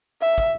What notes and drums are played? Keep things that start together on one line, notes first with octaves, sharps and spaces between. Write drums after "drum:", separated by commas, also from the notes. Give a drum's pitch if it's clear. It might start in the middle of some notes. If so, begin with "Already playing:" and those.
E5
drum: kick